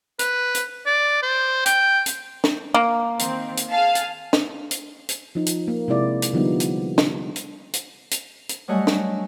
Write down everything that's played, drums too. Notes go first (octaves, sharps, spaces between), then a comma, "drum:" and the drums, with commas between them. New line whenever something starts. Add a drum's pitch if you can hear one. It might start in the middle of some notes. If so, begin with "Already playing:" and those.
B4, drum: hi-hat
drum: hi-hat
D5
C5
G5, drum: hi-hat
drum: hi-hat
drum: snare
A#3
D#3 C4, drum: hi-hat
drum: hi-hat
G#4 F5 A5
drum: hi-hat
drum: snare
drum: hi-hat
drum: hi-hat
F3 D#4
drum: hi-hat
A#3
C3 G#3 C4 E4 D5
drum: hi-hat
D3 F3 G3 B3 D#4
drum: hi-hat
drum: snare
drum: hi-hat
drum: hi-hat
drum: hi-hat
drum: hi-hat
F#3 G3 A3 D#5 F#5 G#5
drum: snare